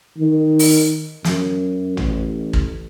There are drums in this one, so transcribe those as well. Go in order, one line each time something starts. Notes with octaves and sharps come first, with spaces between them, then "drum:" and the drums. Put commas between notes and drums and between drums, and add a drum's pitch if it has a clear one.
D#3
drum: open hi-hat
F#2, drum: snare
A1, drum: tom A1
drum: kick